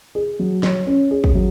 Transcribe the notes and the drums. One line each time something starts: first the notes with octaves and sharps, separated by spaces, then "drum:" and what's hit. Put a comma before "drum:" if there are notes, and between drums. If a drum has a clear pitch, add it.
G#4
F#3
C#5, drum: snare
C#4
G#4
drum: kick
F#3